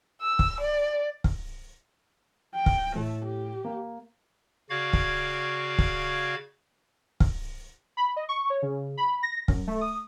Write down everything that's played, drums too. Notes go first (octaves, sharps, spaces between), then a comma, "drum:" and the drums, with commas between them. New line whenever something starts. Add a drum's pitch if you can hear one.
E6
drum: kick
D5
drum: kick
G5
drum: kick
A2 A3
G4
A#3
C#3 F#4 D5 F5 G#6
drum: kick
drum: kick
drum: kick
B5
D#5
C#6
C#5
C#3
B5
A#6
F#2, drum: kick
A3
D#6